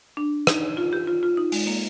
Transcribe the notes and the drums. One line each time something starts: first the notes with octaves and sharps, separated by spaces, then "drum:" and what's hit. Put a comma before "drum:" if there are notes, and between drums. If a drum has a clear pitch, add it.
D4
D#4, drum: rim click
F4
G4
F4
F4
D#4
G#3, drum: open hi-hat
A#3